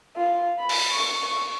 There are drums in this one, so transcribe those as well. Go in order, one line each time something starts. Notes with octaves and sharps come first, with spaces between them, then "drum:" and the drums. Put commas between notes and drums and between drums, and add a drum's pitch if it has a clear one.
F4
B5
drum: open hi-hat
C#6
C#6